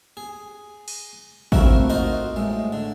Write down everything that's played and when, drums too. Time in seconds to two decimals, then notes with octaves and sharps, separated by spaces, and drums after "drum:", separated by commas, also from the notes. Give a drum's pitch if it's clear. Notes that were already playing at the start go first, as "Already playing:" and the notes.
0.17 G#4
0.88 drum: open hi-hat
1.52 A3 A#3 C4 E4 F#4 A#4, drum: kick A1
1.90 D#4 F4 F#4 A#4 C5 D#5
2.36 A2 G#3
2.73 D3